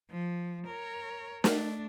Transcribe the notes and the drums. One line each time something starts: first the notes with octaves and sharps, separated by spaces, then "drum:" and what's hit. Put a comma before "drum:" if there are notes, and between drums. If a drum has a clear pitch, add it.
F3
A#4 C#5
A3 D4, drum: snare